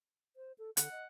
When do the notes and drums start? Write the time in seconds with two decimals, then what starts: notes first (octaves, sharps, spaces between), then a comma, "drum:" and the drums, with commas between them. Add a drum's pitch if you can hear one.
0.36 C5
0.58 A4
0.77 D3 F#5, drum: hi-hat
0.91 D#5